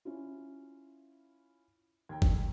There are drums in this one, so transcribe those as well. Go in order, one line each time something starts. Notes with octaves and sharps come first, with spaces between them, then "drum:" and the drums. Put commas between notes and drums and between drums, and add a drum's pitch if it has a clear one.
C#4 E4 F4
D#2 G5 A#5 G#6
drum: kick